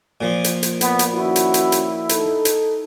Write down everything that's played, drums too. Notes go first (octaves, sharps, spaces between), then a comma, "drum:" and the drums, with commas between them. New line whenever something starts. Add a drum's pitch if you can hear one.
A#2 F3
drum: hi-hat
drum: hi-hat
B3, drum: hi-hat
drum: hi-hat
D#3 C#4 E4 F#4
drum: hi-hat
drum: hi-hat
drum: hi-hat
D#4 A4, drum: hi-hat
drum: hi-hat